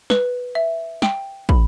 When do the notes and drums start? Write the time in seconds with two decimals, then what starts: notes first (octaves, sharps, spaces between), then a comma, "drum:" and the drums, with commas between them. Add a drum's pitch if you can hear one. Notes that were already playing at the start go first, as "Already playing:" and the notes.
0.10 B4, drum: snare
0.55 E5
1.02 G5, drum: snare
1.49 B5, drum: kick